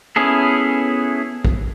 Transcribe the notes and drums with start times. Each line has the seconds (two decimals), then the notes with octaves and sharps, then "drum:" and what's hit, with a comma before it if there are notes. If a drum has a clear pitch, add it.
0.16 B3 C#4 E4 G#4 A4
1.45 drum: kick